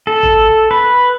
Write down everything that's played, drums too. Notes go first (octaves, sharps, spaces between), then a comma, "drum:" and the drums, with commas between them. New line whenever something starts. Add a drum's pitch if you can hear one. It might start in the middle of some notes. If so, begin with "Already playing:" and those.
A4
drum: kick A1
B4